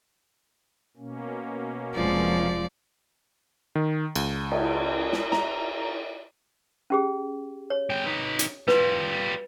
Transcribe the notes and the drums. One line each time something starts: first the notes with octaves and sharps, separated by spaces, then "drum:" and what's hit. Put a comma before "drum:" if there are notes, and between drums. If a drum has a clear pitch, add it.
B2 A#3 C#4
F1 F3 G#3 D5
D#3
C#2, drum: cymbal
drum: cymbal
drum: snare
A#5, drum: snare
C#4 G4 G#4
C#5
G#3 G5
D#4 B4
drum: hi-hat
G3 F4 B4, drum: snare